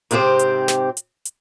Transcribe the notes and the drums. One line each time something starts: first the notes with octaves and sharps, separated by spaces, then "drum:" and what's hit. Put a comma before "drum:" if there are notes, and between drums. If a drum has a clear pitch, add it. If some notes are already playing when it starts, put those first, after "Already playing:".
G#2 C3 C4 E4 G4 C5, drum: hi-hat
drum: hi-hat
drum: snare
drum: hi-hat
drum: hi-hat